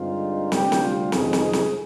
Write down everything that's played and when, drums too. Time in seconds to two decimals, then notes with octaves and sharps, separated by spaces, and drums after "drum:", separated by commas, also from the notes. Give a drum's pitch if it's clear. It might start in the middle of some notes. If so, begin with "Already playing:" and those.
Already playing: G2 D3 G#3 C4 D#4 F4
0.52 D2 C3 G3 D4 G4, drum: snare
0.72 drum: snare
0.81 F4
1.12 F2 C3 D#3 G#3 D#4 G#4, drum: snare
1.33 drum: snare
1.43 G#4
1.53 drum: snare